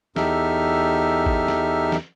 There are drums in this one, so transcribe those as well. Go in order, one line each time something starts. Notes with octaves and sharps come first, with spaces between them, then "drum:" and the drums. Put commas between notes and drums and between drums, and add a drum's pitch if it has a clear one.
E2 D#4 G4 A4 E5 F6, drum: snare
drum: kick G#1
drum: snare
drum: snare